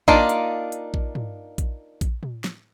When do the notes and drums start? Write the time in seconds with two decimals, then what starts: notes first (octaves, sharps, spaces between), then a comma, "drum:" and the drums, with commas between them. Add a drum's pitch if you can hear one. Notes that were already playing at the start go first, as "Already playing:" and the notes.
0.08 A#3 D4 D#4 F4, drum: kick A#1
0.29 drum: hi-hat
0.72 drum: hi-hat
0.94 drum: kick A#1
1.15 drum: tom
1.58 drum: kick A#1, hi-hat
2.01 drum: kick A#1, hi-hat
2.23 drum: tom
2.44 drum: snare